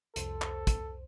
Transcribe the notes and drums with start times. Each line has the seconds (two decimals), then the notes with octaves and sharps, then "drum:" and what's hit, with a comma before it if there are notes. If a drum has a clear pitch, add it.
0.16 C2 F2 A4 C5, drum: hi-hat
0.42 drum: clap
0.67 drum: kick, hi-hat